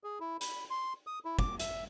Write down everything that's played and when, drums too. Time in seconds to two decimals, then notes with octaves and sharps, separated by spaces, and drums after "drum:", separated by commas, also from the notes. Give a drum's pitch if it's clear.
0.04 G#4
0.20 E4
0.41 B5, drum: hi-hat
0.70 C6
1.07 D#6
1.25 E4
1.39 D6, drum: kick
1.60 E5, drum: hi-hat